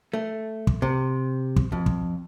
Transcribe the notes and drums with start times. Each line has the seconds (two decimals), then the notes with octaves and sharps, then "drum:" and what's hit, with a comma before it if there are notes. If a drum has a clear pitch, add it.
0.13 A3
0.67 drum: kick
0.82 C3
1.57 drum: kick
1.72 F2
1.86 drum: kick